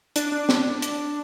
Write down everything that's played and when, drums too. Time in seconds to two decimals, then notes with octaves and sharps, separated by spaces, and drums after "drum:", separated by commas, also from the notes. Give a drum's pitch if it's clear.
0.16 D4, drum: hi-hat
0.32 D4
0.49 drum: snare
0.82 drum: hi-hat